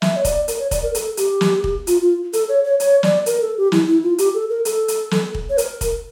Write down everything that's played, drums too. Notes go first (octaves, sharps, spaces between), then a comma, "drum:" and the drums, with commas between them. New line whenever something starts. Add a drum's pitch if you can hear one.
E5, drum: snare
C#5
D5, drum: kick, hi-hat
A#4, drum: hi-hat
C#5
D5, drum: kick, hi-hat
A#4
A4, drum: hi-hat
G4, drum: hi-hat
drum: snare
drum: kick
F4, drum: hi-hat
F4
A4, drum: hi-hat
C#5
C#5
C#5, drum: hi-hat
D5, drum: snare
A#4, drum: hi-hat
A4
G4
E4, drum: snare
E4
F4
G4, drum: hi-hat
A4
A#4
A4, drum: hi-hat
drum: hi-hat
drum: snare
drum: kick
C#5
A#4, drum: hi-hat
drum: kick, hi-hat